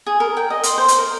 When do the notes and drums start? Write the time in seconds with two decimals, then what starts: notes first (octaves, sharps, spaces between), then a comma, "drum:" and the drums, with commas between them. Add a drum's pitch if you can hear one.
0.06 G#4
0.20 A#4
0.37 G5
0.50 D#5
0.63 C5, drum: hi-hat
0.78 C5
0.88 drum: hi-hat
0.98 A#4